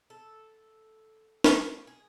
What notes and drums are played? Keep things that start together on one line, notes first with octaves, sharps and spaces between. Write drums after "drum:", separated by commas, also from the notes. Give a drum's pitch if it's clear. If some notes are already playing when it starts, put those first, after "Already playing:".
A4
drum: snare
G#4